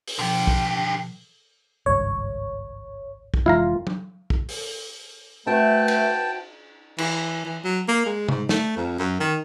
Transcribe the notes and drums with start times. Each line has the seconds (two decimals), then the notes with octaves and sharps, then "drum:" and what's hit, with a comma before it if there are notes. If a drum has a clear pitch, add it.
0.07 drum: open hi-hat
0.19 B2 D3 F3 G4
0.47 drum: kick
1.86 G#1 C#2 G2 C#5
3.34 drum: kick
3.46 F1 E3 G#3 E4 F4 F5 A#5
3.87 drum: tom
4.30 drum: kick
4.49 drum: open hi-hat
5.47 A3 F#4 B4 C5 E5 G5 A5
5.88 drum: cymbal
6.98 E3, drum: cymbal
7.45 E3
7.64 F#3
7.88 A#3
8.06 G#3
8.29 G#2, drum: tom C3
8.49 A3, drum: snare
8.77 F2
8.99 F#2
9.20 D#3